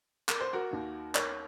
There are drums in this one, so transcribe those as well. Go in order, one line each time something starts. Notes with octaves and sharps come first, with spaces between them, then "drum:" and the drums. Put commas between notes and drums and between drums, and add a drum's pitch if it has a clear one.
A#4, drum: clap
C5
F#4 A#4
D#2 D#3 A#3
A#4 C#5, drum: clap